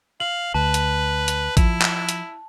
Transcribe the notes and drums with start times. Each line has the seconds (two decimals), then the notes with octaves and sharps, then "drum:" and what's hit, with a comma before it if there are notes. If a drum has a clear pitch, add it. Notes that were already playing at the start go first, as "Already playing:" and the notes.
0.20 F5 F#7
0.54 D2 B4 A5
0.74 drum: hi-hat
1.28 drum: hi-hat
1.57 F3 E4, drum: kick A1, hi-hat
1.82 drum: clap
2.09 drum: hi-hat